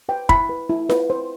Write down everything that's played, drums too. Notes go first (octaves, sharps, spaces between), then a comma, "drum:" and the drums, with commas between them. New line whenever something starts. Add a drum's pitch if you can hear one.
B4 G5
E4 B5, drum: kick
B4
E4
B4, drum: snare F4
C5